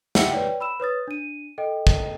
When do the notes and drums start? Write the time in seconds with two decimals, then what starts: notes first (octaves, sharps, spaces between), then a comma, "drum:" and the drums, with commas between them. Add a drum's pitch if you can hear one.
0.15 G4 E5 F#5 G5 E6 C#7, drum: snare
0.31 B4 C#5 D5 G5
0.60 B5 E6 E7
0.80 B4 C#5 D#6 A6
1.07 D4 D#7
1.58 A4 D#5 G5
1.87 drum: kick